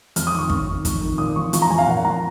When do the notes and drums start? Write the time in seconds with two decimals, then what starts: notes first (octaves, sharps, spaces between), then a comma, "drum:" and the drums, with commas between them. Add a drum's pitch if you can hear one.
0.16 F2 F6, drum: hi-hat
0.27 D#6
0.33 D#3
0.38 C#6
0.49 F#2 C#6, drum: kick
0.68 D#3
0.85 F2, drum: kick, hi-hat
1.02 D#3
1.18 A#2 D#6
1.36 F3 C#6
1.53 F3 C#6, drum: hi-hat
1.62 A#5
1.70 F2 G#5
1.78 F5
1.87 A#2 F#5
2.05 F3 A#5